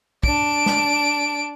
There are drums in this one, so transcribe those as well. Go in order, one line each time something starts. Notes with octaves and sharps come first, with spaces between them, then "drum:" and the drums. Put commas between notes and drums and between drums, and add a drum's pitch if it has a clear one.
D4 D7, drum: kick
drum: snare